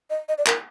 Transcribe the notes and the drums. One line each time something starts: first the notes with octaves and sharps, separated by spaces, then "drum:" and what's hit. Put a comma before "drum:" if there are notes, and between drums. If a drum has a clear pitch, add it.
D#5
D#5
D5
A#4, drum: clap